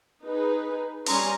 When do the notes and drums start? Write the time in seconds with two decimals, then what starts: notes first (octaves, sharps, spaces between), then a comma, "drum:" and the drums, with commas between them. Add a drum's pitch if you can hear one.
0.24 D#4 G#4 B4
1.06 G3 C#4 G#5 A#5 C6, drum: open hi-hat